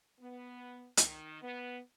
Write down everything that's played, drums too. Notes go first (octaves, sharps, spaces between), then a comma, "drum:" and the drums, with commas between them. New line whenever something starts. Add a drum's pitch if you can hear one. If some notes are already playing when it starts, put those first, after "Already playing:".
B3
D#3, drum: hi-hat
B3